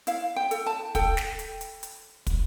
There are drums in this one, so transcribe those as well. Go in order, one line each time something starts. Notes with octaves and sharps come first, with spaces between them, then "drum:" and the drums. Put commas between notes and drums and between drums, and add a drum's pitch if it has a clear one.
E4 F5, drum: hi-hat
G5
A4, drum: hi-hat
A5
A4 G5, drum: kick, hi-hat
drum: snare
drum: hi-hat
drum: hi-hat
drum: hi-hat
drum: kick, hi-hat